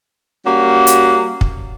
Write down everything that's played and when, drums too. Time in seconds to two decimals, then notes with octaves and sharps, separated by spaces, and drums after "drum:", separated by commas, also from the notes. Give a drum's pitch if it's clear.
0.45 G3 A#3 C#4 F#4
0.87 drum: hi-hat
1.41 drum: kick